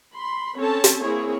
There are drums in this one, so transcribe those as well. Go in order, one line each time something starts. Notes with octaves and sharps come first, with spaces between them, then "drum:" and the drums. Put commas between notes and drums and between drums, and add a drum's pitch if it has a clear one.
B5 C6
C4 C#4 A4 C#5 A5
drum: hi-hat
A#3 C4 E4 G#4 C#5